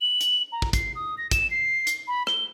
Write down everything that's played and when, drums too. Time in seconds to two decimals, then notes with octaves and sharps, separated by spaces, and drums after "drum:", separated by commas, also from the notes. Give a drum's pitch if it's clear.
0.01 F#7
0.21 drum: hi-hat
0.52 A#5
0.62 drum: kick
0.73 C7, drum: kick, hi-hat
0.96 D#6
1.18 A#6
1.31 E7, drum: kick, hi-hat
1.51 C7
1.87 drum: hi-hat
2.08 B5
2.27 G7, drum: rim click